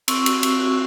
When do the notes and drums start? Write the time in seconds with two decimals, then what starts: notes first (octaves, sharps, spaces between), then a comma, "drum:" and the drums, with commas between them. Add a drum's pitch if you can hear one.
0.08 C4 C#6 E6, drum: cymbal
0.26 F#4, drum: cymbal
0.43 C4, drum: cymbal
0.60 F#4